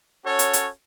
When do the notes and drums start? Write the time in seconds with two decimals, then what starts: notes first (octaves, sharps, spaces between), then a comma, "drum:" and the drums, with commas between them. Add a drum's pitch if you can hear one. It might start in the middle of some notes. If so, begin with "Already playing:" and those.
0.24 C#4 F#4 A4 C#5
0.39 drum: hi-hat
0.53 drum: hi-hat